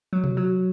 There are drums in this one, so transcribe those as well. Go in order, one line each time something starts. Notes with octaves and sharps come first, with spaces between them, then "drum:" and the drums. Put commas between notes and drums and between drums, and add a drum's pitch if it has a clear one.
F#3
drum: tom B2
F#3